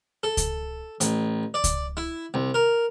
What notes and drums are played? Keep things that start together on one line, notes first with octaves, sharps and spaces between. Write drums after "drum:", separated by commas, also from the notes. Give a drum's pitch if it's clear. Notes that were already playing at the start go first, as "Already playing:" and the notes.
A4
drum: kick C#2, hi-hat
A1, drum: hi-hat
D5
drum: kick C#2, hi-hat
E4
C2
A#4